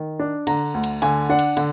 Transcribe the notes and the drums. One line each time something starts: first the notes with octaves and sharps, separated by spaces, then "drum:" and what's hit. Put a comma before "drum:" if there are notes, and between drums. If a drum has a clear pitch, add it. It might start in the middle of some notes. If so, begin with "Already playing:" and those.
Already playing: D#3
D4
D3 A#5, drum: cymbal
D2
drum: cymbal
D3 G#5, drum: cymbal
D4 F#5
drum: cymbal
D3, drum: cymbal